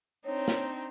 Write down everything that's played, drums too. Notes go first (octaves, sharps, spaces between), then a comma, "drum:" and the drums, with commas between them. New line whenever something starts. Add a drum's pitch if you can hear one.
C4 D4 D#4 C#5
drum: snare